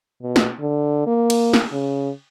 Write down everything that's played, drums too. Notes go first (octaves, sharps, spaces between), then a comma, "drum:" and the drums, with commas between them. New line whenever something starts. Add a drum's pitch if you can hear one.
B2
drum: snare
D3
A#3
drum: cymbal
drum: snare
C#3